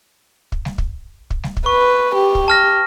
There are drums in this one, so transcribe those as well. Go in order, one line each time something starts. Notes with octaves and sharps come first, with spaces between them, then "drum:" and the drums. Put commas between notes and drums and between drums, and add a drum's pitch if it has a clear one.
drum: kick
drum: snare G3
drum: kick
drum: kick
drum: snare G3
drum: kick
B4 C#6
G4
drum: kick
A5 F6 A#6